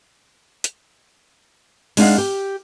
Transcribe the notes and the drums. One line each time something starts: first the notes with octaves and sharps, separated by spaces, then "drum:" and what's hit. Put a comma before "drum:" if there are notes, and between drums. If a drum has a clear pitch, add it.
drum: hi-hat
G#3 D4 D#4 F#4 F5 F#5, drum: open hi-hat
G4